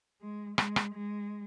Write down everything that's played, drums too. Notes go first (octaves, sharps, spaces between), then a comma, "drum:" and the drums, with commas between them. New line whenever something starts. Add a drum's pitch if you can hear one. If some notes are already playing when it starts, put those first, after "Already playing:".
G#3
G#3, drum: rim click
drum: rim click
G#3